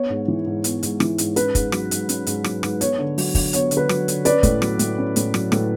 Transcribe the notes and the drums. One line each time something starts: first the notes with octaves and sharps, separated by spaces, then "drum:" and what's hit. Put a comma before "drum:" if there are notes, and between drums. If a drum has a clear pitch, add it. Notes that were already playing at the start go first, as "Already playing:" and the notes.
Already playing: B3 C#5
G#2
E3
G#2
B3, drum: hi-hat
G#2, drum: hi-hat
E3, drum: rim click
G#2, drum: hi-hat
C#4 B4, drum: hi-hat
G#2, drum: kick, hi-hat
F#3, drum: rim click
G#2, drum: hi-hat
C#4, drum: hi-hat
G#2, drum: hi-hat
F#3, drum: rim click
G#2, drum: rim click
B3 C#5, drum: hi-hat
D3
F#3, drum: open hi-hat
D3, drum: kick, open hi-hat
B3 C#5, drum: hi-hat
D3, drum: hi-hat
B4
F#3, drum: rim click
D3, drum: hi-hat
C#4 B4 D5, drum: hi-hat
A2, drum: kick, hi-hat
F#3, drum: rim click
A2, drum: hi-hat
C#4
A2, drum: hi-hat
F#3, drum: rim click
A2, drum: rim click